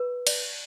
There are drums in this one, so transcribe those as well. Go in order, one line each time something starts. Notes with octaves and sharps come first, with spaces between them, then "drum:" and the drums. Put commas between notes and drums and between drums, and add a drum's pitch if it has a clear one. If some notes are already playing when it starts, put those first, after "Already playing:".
Already playing: B4
D5, drum: cymbal